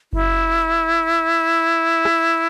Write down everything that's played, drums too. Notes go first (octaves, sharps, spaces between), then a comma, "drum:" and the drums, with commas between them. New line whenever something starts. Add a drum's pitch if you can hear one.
E4, drum: kick F#1
drum: rim click